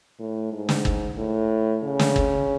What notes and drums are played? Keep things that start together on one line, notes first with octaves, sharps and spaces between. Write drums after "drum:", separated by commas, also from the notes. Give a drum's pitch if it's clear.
A2
G#2
drum: snare
drum: kick G1
A2
C#3
drum: snare
drum: kick G1